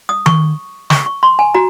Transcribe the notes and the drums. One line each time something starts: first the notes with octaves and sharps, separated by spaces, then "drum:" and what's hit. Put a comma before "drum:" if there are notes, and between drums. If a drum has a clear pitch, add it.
D#6
C#6, drum: tom D#3
C#6, drum: snare
C#6
C6
G#5
F#4 A#5